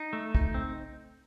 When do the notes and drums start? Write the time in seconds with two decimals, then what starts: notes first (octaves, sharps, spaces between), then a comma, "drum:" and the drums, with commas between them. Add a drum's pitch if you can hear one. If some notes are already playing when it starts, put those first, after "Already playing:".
Already playing: D#4
0.13 A3
0.35 D#4, drum: kick
0.54 C4